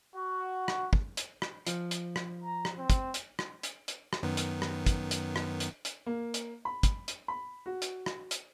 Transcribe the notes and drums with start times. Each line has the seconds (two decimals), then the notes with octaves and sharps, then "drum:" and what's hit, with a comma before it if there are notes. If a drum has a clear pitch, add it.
0.14 F#4
0.68 drum: rim click
0.93 drum: kick
1.17 drum: hi-hat
1.42 drum: rim click
1.67 F3, drum: hi-hat
1.91 drum: hi-hat
2.16 drum: rim click
2.44 A#5
2.65 drum: rim click
2.78 C4
2.90 drum: kick, hi-hat
3.14 drum: hi-hat
3.39 drum: rim click
3.63 drum: hi-hat
3.88 drum: hi-hat
4.13 drum: rim click
4.23 F#2 D#3 B3
4.37 drum: hi-hat
4.62 drum: rim click
4.86 drum: kick, hi-hat
5.11 drum: hi-hat
5.36 drum: rim click
5.60 drum: hi-hat
5.85 drum: hi-hat
6.06 A#3
6.34 drum: hi-hat
6.65 B5
6.83 drum: kick, hi-hat
7.08 drum: hi-hat
7.28 B5
7.66 F#4
7.82 drum: hi-hat
8.06 drum: rim click
8.31 drum: hi-hat